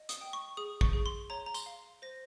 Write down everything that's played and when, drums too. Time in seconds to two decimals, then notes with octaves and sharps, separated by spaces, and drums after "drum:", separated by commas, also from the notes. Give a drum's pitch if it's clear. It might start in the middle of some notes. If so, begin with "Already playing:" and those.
Already playing: D#5
0.09 D#6, drum: hi-hat
0.21 G5
0.33 C#6
0.57 G#4 D#6
0.81 C#6, drum: kick
0.93 G#4
1.06 C6
1.30 C#5 A#5
1.46 A#5
1.54 C6, drum: tambourine
1.66 F5
2.02 C5 A#6